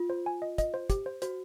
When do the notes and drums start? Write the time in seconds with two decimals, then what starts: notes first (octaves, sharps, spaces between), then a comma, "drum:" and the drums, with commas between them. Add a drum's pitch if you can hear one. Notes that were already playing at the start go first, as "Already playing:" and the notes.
Already playing: F4
0.10 C5
0.26 G#5
0.42 D#5
0.58 D#5, drum: kick, hi-hat
0.74 C5
0.90 G4, drum: kick, hi-hat
1.06 C5
1.22 F#4 C5, drum: hi-hat